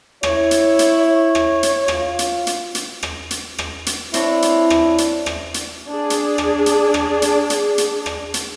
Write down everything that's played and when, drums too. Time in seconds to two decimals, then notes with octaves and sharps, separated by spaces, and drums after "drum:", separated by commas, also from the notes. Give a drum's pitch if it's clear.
0.23 E4 C#5, drum: rim click
0.51 drum: hi-hat
0.79 drum: hi-hat
1.01 C#5
1.35 drum: rim click
1.63 drum: hi-hat
1.88 F4, drum: rim click
2.19 drum: hi-hat
2.47 drum: hi-hat
2.75 drum: hi-hat
3.03 drum: rim click
3.31 drum: hi-hat
3.58 drum: rim click
3.86 drum: hi-hat
4.14 C4 D4 E4 C#5, drum: hi-hat
4.42 drum: hi-hat
4.70 drum: rim click
4.98 drum: hi-hat
5.26 drum: rim click
5.54 drum: hi-hat
5.89 D4 G#4
6.10 drum: hi-hat
6.38 drum: rim click
6.66 drum: hi-hat
6.94 drum: rim click
7.22 drum: hi-hat
7.50 drum: hi-hat
7.78 drum: hi-hat
8.06 drum: rim click
8.34 drum: hi-hat